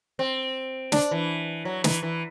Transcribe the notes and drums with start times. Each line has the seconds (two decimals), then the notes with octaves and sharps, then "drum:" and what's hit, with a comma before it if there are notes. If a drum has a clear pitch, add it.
0.19 C4
0.92 D4, drum: snare
1.11 E3
1.65 F#3
1.84 E3, drum: snare
2.03 E3